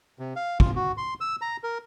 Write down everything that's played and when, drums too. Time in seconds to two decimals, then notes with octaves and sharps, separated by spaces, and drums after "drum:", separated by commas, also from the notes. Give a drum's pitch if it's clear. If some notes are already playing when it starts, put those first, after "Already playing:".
0.19 C3
0.36 F5
0.60 F4, drum: kick
0.76 F#4
0.98 C6
1.21 E6
1.41 A#5
1.64 A#4